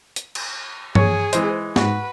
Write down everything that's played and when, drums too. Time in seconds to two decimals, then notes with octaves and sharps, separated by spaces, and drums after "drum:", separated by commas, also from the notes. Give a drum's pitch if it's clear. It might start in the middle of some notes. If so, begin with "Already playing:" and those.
0.16 drum: hi-hat
0.35 drum: cymbal
0.95 G#4 C#5, drum: tom G2
1.33 E3 G#3 C5, drum: hi-hat
1.76 G#2 F#4 B4, drum: snare